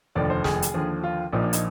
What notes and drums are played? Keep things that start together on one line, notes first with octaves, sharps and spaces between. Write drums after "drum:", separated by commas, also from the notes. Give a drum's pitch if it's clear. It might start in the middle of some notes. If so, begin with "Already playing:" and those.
F1 D#2 D3 F3 D5
C5
G#4, drum: snare
drum: hi-hat
D#2 D3 F3
F4
A#1 A#2 F3 D#4
D4
D#4, drum: hi-hat